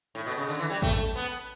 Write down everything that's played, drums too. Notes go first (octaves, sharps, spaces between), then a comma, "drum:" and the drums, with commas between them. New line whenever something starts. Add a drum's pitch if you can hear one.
A2
B2
C#3
D3, drum: cymbal
E3
G3
A3, drum: kick A1
B3, drum: open hi-hat